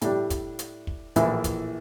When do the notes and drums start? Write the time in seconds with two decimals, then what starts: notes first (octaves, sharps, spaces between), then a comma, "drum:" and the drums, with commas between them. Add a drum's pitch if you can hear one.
0.01 A2 G3 D4 G4, drum: hi-hat
0.30 drum: kick, hi-hat
0.59 drum: hi-hat
0.87 drum: kick
1.16 A#1 A2 E3, drum: hi-hat
1.44 drum: kick, hi-hat